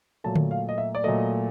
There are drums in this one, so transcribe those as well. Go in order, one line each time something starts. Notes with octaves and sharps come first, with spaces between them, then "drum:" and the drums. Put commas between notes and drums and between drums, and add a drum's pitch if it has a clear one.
A#2 F#3 A3 A5
drum: tom D3
F5
D#5
E5
D5
A#2 F#3 A3 D#5